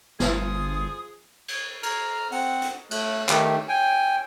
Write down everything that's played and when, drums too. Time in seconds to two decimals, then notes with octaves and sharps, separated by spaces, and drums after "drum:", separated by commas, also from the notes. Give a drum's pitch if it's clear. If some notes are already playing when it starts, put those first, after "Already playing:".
0.20 G1 F3 G#4 D#6, drum: snare
1.48 drum: cymbal
1.83 A#5 F6, drum: cymbal
2.32 C4 F#5, drum: open hi-hat
2.62 drum: hi-hat
2.91 A3 F#6, drum: cymbal
3.29 D#3 A3 G4, drum: clap
3.69 G5 G#5